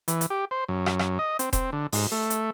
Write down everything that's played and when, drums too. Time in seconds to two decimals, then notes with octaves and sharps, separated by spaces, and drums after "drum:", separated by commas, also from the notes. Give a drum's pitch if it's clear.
0.08 E3, drum: hi-hat
0.21 drum: hi-hat
0.30 G4
0.51 C5
0.68 F#2
0.86 drum: rim click
0.99 drum: rim click
1.19 D#5
1.39 C4, drum: hi-hat
1.53 C4, drum: kick E1, hi-hat
1.73 D3
1.92 G#2, drum: open hi-hat
2.12 A3
2.30 drum: hi-hat